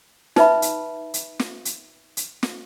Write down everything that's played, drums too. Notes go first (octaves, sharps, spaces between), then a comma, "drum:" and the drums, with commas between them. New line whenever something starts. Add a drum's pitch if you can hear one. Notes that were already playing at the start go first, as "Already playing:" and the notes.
D#4 B4 E5 B5, drum: snare
drum: hi-hat
drum: hi-hat
drum: snare
drum: hi-hat
drum: hi-hat
drum: snare